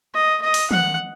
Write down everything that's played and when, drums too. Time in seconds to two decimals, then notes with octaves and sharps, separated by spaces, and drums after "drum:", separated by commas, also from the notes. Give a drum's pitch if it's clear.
0.14 D#5
0.42 D#5
0.54 drum: open hi-hat
0.71 F#5, drum: tom